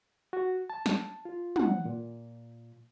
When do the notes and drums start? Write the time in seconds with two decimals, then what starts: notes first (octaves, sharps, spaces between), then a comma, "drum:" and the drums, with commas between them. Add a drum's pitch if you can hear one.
0.33 F#4
0.70 A5
0.86 drum: snare
1.25 F4
1.56 F#5, drum: tom
1.85 A#2